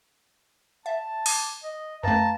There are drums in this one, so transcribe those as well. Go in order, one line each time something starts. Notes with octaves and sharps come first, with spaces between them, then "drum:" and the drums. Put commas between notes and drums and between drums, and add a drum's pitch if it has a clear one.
E5 A5
D6 G#6, drum: open hi-hat
D#5
F#2 A3 B4 F5 G5 A5 A#5